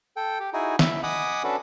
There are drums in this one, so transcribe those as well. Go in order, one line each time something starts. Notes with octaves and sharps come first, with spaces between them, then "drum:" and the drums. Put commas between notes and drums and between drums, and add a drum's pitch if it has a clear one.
A4 G5
G4
D#4 E4 F#4 G#4
E4 E5, drum: snare
D#5 F#5 G#5 B5 D6 D#6
C#4 D4 F#4 A4 B4